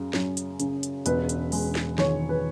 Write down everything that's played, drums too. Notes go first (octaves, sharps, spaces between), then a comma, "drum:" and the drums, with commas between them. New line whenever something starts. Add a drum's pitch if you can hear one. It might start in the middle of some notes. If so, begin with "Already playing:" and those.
Already playing: F#2 C#3
F#2, drum: snare
drum: hi-hat
C#3, drum: hi-hat
drum: hi-hat
E1 B4, drum: hi-hat
drum: hi-hat
G#3, drum: open hi-hat
drum: snare
D#3 C#5, drum: snare
B4